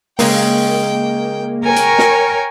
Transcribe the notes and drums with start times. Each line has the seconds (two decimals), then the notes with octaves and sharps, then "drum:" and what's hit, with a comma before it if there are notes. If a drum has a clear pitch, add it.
0.19 C#3 G#3 A#3 C#4 G5, drum: open hi-hat
1.64 A#4 C#5 G5 G#5
1.76 drum: hi-hat
1.98 drum: snare